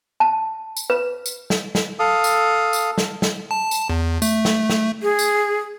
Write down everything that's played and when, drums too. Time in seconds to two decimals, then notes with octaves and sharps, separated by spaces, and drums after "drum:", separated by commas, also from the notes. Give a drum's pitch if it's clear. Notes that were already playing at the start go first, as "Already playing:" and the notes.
0.20 A5
0.77 drum: tambourine
0.90 B4
1.26 drum: tambourine
1.50 drum: snare
1.75 drum: snare
1.99 A4 F5 D#6
2.24 drum: tambourine
2.73 drum: tambourine
2.98 drum: snare
3.22 drum: snare
3.51 A5
3.71 drum: tambourine
3.90 E2
4.22 A3, drum: tambourine
4.45 drum: snare
4.70 drum: snare
5.03 G#4
5.19 drum: tambourine